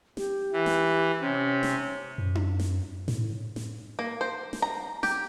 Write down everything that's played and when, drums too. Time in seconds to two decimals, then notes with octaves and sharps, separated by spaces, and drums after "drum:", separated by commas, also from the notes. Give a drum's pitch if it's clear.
0.17 G4, drum: snare
0.52 E3
0.66 drum: snare
1.20 C3 C#4
1.63 drum: snare
2.18 F#2
2.35 drum: tom D4
2.60 drum: snare
3.08 A2, drum: snare
3.56 drum: snare
3.99 A#3
4.21 C5
4.53 drum: snare
4.62 A#5
5.03 G4, drum: snare